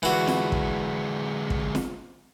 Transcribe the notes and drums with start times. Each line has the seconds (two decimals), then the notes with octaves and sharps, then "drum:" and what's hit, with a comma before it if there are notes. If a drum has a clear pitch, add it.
0.03 D3 E3 G#3 F#4
0.27 drum: snare
0.52 drum: kick
1.50 drum: kick
1.75 drum: snare